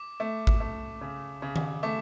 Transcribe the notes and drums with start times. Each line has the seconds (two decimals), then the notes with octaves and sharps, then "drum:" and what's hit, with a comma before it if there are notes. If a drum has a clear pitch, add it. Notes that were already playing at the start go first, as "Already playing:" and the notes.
Already playing: D6
0.20 A3
0.47 drum: kick G#1
0.60 A3
1.01 C#3
1.42 C#3
1.56 drum: tom D#3
1.83 A3 D6